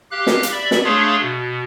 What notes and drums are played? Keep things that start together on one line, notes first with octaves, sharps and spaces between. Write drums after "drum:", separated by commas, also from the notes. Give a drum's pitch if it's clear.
G4 F5 F#6
drum: snare
drum: hi-hat
D5 E5 B5
drum: snare
A3 D4 G#4 C#5 F5 C6
B2